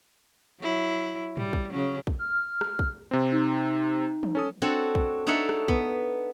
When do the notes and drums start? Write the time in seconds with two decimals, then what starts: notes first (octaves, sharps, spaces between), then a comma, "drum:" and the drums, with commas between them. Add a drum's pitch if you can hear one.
0.60 F#3 E4
1.37 G3, drum: tom G#2
1.53 drum: kick
1.71 C#3 F#3 C#4
2.07 drum: kick
2.19 F6
2.61 drum: rim click
2.79 drum: kick
3.11 C3 C4
3.32 D#4
4.23 drum: tom E3
4.35 C#4 A4 D#6
4.62 C4 D4 F#4 A4 C#5
4.95 drum: kick
5.27 D4 D#4 A4 C#5 E5 F#5
5.49 drum: rim click
5.68 B3, drum: kick